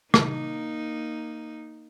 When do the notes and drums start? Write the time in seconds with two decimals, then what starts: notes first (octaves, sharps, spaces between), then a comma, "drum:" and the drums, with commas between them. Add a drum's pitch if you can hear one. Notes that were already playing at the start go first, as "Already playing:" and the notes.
0.14 A#3 D#4, drum: rim click